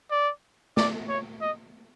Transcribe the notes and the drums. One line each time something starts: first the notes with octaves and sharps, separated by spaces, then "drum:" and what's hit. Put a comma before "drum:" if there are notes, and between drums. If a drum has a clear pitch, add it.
D5
D5, drum: snare
C#5
D#5